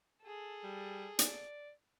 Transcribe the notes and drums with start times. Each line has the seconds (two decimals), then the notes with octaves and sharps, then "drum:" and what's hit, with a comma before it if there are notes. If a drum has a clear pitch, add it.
0.24 G#4 A4
0.64 G3
1.19 D5, drum: hi-hat